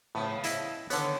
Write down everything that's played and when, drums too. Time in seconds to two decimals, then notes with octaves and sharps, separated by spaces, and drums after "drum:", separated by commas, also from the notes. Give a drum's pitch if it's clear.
0.15 A2 C#3 F3 B3
0.44 E4 D#5 E5, drum: hi-hat
0.90 D3 D#3 B3 C#5, drum: hi-hat